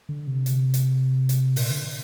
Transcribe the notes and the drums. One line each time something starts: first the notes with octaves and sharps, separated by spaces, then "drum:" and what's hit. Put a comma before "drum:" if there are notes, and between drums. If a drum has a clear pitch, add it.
D3
C3
drum: hi-hat
drum: hi-hat
drum: hi-hat
A#2, drum: open hi-hat
D3